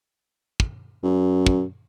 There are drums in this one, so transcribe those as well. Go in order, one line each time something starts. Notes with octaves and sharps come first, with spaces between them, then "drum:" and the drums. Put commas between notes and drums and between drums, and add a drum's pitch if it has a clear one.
drum: kick
F#2
drum: kick